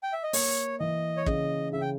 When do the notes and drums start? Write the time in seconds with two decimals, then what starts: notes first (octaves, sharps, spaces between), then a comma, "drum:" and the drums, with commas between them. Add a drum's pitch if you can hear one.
0.03 G5
0.13 E5
0.23 D#5
0.33 A#3 C#5, drum: open hi-hat
0.80 E3 D#5
1.17 C#5
1.26 C#3 D#5, drum: kick
1.73 C#3 E5
1.81 G5